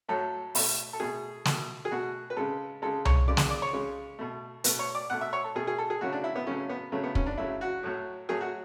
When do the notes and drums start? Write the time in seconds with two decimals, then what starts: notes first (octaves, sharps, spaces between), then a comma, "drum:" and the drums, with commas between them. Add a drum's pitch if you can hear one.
0.08 A2 F#3 A3 A4
0.55 B2 A3, drum: open hi-hat
0.93 A4
1.00 B2 A3 G#4
1.45 B2 A3, drum: snare
1.85 G#4
1.91 B2 A3 F#4
2.30 B4
2.37 C#3 G#3 A4
2.82 C#3 G#3 A4
3.05 C#5, drum: tom C2
3.28 C#3 G#3 D5
3.37 drum: snare
3.50 D5
3.62 C#5
3.73 C#3 G#3
4.19 B2 A3
4.64 B2 A3 B4, drum: hi-hat
4.79 C#5
4.95 D5
5.10 B2 A3 F#5
5.21 E5
5.33 C#5
5.44 A4
5.55 B2 A3 G#4
5.67 G#4
5.78 A4
5.90 G#4
6.01 C#3 F#3 A3 F#4
6.12 D4
6.24 E4
6.35 B3
6.47 C#3 F#3 A3 C#4
6.69 B3
6.92 C#3 F#3 A3
7.04 B3
7.15 C#4, drum: kick
7.26 D4
7.37 C#3 F#3 A3 E4
7.61 F#4
7.83 A2 F#3 A3
8.29 A2 F#3 A3 G#4
8.41 F#4